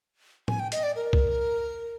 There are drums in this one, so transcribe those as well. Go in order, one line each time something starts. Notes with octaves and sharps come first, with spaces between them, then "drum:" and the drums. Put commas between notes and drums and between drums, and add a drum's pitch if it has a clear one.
G#5, drum: tom A2
G5
D#5, drum: hi-hat
D5
A#4
drum: kick C2